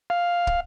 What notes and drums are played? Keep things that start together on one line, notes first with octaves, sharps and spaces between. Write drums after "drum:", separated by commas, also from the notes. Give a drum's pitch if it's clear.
F5
drum: kick